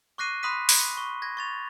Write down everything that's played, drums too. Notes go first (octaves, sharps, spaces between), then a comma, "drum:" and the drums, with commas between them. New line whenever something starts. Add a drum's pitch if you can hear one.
C#6 D6 F#6 A#6 C7 D#7
B5 C6 D#6 F#6 B6 D#7
B5, drum: open hi-hat
C#6
G#6 A#6
C#6 A6 F7